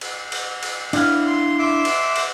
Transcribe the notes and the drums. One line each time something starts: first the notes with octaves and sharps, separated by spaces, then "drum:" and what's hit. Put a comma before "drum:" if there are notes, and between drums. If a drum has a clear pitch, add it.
drum: cymbal
drum: cymbal
drum: cymbal
D4 E4 F5, drum: cymbal
C6
E5 C6 D6
drum: cymbal
drum: cymbal